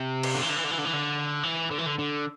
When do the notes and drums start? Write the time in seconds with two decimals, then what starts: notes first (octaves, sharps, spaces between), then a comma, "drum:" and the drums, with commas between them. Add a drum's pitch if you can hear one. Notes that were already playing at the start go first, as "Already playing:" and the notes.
Already playing: C3
0.23 drum: cymbal
0.34 D3
0.42 E3
0.49 D3
0.56 E3
0.64 D3
0.71 E3
0.78 D3
0.85 E3
0.93 D3
1.43 E3
1.71 D3
1.78 E3
1.86 D3
1.99 D3